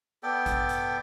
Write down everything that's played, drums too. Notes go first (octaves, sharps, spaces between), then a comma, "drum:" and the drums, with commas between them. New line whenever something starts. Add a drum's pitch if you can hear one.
B3 A4 D5 G5
drum: kick A1, hi-hat
drum: hi-hat